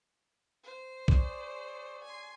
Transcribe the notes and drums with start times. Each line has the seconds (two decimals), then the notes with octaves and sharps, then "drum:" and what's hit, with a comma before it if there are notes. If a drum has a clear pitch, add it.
0.64 C5
1.08 G#4 C#5 D5, drum: kick B1
2.04 G#5 C6